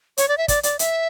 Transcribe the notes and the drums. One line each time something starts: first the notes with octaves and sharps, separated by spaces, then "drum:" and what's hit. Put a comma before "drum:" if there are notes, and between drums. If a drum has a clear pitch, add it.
C#5, drum: hi-hat
D5
E5
D5, drum: kick, hi-hat
D5, drum: hi-hat
E5, drum: hi-hat